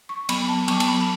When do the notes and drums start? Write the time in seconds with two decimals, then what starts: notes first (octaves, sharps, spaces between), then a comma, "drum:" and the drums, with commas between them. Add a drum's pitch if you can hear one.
0.09 C#6
0.29 F#3 B3 B5, drum: cymbal
0.49 A5
0.68 F#3 B3 C#6, drum: cymbal
0.80 A5, drum: cymbal
0.88 B5